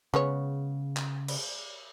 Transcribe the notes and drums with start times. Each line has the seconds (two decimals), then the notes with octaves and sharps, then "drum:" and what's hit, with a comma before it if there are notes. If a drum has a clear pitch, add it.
0.14 C#3 G#3 B3 C#5
0.97 drum: clap
1.28 drum: cymbal